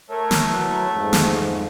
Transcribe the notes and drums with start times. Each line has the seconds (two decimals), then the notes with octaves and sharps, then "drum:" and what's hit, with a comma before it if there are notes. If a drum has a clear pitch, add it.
0.10 A3 A#4 C#5
0.31 drum: snare
0.50 F#3 E4 B4
0.90 F2 G#2
1.13 drum: snare